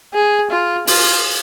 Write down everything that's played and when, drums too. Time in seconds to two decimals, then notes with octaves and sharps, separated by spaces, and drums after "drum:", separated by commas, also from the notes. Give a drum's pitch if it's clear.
0.14 G#4
0.51 F4
0.87 F4, drum: open hi-hat